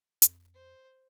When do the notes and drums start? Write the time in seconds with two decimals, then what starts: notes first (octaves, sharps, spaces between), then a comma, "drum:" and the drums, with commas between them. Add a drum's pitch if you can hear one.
0.22 F2, drum: hi-hat
0.54 C5